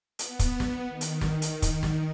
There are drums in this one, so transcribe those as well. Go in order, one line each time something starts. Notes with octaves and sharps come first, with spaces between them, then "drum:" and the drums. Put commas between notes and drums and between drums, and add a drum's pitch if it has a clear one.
B3, drum: hi-hat
drum: kick, hi-hat
drum: snare
D#3
drum: hi-hat
drum: snare
drum: hi-hat
drum: kick, hi-hat
drum: snare